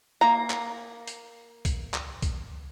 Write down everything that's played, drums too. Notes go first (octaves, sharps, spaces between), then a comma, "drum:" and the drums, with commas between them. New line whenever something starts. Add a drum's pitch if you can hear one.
A#3 A#5
drum: clap
drum: hi-hat
drum: kick, hi-hat
drum: clap
drum: kick, hi-hat